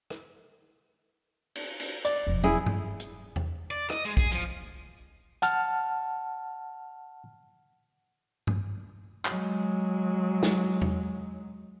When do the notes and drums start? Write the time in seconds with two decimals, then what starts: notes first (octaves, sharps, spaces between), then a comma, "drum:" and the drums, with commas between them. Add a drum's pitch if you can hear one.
0.10 drum: rim click
1.55 drum: cymbal
1.80 drum: cymbal
2.05 D5, drum: hi-hat
2.27 E1 F2
2.44 E4 G#4, drum: tom
2.66 drum: tom G2
3.00 drum: hi-hat
3.36 drum: tom E2
3.71 D5
3.90 D#5, drum: rim click
4.05 G#3
4.17 G#4, drum: kick
4.32 F3, drum: hi-hat
5.42 F#5 A5 F6, drum: hi-hat
8.47 drum: tom G2
9.25 F#3 G#3, drum: clap
10.43 drum: snare
10.82 drum: tom E2